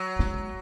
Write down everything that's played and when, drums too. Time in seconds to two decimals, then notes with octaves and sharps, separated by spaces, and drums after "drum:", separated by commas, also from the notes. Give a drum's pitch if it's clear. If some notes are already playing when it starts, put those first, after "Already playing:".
Already playing: F#3
0.19 G#3, drum: snare
0.34 drum: kick G#1